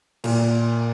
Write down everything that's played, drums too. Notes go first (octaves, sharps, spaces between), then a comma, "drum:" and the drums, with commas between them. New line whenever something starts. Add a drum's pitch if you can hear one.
A#2, drum: cymbal